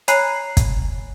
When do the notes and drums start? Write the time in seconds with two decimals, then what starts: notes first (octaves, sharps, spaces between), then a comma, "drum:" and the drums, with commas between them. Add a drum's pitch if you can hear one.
0.08 C#5 G#5 A#5 B5 F#6 C7, drum: hi-hat
0.57 drum: kick, hi-hat